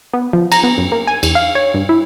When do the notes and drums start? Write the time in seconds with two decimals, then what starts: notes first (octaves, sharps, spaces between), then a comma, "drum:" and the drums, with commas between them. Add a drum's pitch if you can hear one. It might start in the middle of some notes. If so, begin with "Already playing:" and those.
0.13 B3
0.33 F3
0.52 A#5, drum: cymbal
0.64 B3
0.78 F#2
0.92 A#3
1.07 G#5
1.23 E2, drum: cymbal
1.35 F5
1.55 C#5
1.74 G2
1.89 E4